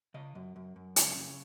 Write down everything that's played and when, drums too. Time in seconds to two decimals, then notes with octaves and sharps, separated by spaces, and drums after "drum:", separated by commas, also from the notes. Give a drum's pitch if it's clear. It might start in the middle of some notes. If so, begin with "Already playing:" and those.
0.14 C#3 D#5
0.35 F#2
0.56 F#2
0.76 F#2
0.96 C#3, drum: hi-hat
1.16 C#3